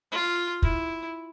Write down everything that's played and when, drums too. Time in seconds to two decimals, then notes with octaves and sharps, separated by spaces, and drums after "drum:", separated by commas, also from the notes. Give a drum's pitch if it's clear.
0.12 F4
0.62 E4, drum: kick